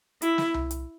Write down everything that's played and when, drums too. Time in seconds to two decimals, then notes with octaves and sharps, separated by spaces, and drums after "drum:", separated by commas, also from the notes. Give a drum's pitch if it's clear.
0.22 E4, drum: hi-hat
0.38 drum: snare
0.54 drum: tom C2
0.71 drum: hi-hat